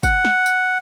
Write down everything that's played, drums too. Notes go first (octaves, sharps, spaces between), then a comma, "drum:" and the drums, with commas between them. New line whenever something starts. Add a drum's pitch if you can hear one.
F#5, drum: kick, tambourine
drum: snare
drum: tambourine